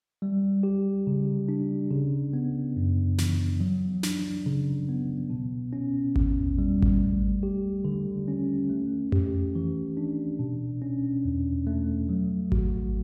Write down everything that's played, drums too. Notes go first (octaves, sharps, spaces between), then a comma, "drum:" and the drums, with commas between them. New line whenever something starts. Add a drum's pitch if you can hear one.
G3
G4
C#3
D4
C#3
B3
F#2
E3, drum: snare
F#3
D4, drum: snare
C#3
B3
B2
C#4
E2, drum: kick G#1
G3
drum: kick G#1
A3
G4
D3
C#4
A3
G4, drum: tom F2
E3
D4
B2
C#4
E2
A3
F#3
F#4, drum: kick G#1